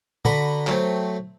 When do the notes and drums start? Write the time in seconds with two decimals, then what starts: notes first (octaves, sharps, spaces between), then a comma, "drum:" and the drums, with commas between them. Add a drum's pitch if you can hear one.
0.25 D3 F#4 B4 A#5 B5, drum: tom
0.67 F#3 A3 C4, drum: clap